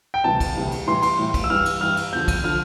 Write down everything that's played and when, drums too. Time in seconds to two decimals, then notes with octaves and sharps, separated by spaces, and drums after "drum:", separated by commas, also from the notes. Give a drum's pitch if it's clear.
0.14 G5
0.24 D2 C3 E3 G3 A5
0.40 drum: kick, cymbal
0.55 D2 C3 E3 G3
0.72 drum: cymbal
0.87 A2 E3 G3 C6
1.02 C6, drum: cymbal
1.19 A2 E3 G3
1.34 drum: kick, cymbal
1.44 E6
1.50 G2 E3 G3 F6
1.65 drum: cymbal
1.80 G2 E3 G3 F6
1.97 drum: cymbal
2.12 E2 D3 F3 G6
2.28 drum: kick, cymbal
2.44 D3 F3 F6